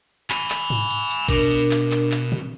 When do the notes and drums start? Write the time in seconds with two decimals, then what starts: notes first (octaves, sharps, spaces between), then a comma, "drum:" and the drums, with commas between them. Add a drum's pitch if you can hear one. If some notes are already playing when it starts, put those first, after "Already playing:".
0.30 G#5 B5, drum: clap
0.50 drum: clap
0.70 drum: tom G#2
0.90 drum: hi-hat
1.11 drum: hi-hat
1.28 B2 D4 A#4, drum: kick G#1, hi-hat
1.51 drum: hi-hat
1.71 drum: clap
1.92 drum: clap
2.12 drum: clap
2.32 drum: tom A#2